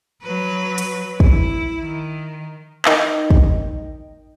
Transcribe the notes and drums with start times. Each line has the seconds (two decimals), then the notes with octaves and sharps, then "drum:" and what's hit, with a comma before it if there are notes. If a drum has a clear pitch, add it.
0.23 F#3 B4
0.78 drum: hi-hat
1.20 E4, drum: kick
1.81 D#3
2.85 D#4 A#4 D#5 G5, drum: clap
3.30 drum: kick